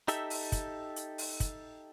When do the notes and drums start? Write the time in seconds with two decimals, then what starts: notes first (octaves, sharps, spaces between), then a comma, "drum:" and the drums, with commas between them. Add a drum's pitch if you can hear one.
0.08 D#4 G4 A4 E5, drum: hi-hat
0.30 drum: open hi-hat
0.52 drum: kick, hi-hat
0.96 drum: hi-hat
1.18 drum: open hi-hat
1.40 drum: kick, hi-hat